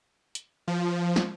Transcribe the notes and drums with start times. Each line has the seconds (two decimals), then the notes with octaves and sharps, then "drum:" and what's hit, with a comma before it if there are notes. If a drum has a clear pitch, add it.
0.35 drum: hi-hat
0.68 F3
1.16 drum: snare